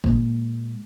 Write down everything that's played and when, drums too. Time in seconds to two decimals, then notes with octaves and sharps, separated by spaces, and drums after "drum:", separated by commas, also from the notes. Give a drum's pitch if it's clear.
0.04 A#2 G#3, drum: kick